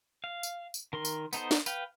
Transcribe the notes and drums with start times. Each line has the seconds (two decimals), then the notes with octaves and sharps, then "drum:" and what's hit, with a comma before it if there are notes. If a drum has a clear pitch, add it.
0.24 F5
0.43 drum: tambourine
0.74 drum: tambourine
0.93 D#3 A#4 C6
1.05 drum: tambourine
1.33 B3 D#4 A4 C5, drum: tambourine
1.51 drum: snare
1.66 B4 F5 G5, drum: tambourine